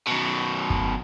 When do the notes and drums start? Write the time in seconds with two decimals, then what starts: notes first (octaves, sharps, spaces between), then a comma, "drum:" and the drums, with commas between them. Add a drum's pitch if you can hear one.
0.07 F#2 B2
0.70 drum: kick G1